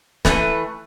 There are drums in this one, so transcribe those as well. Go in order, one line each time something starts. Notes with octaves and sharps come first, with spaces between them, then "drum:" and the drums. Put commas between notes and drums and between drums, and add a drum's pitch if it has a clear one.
E3 A3 B4, drum: snare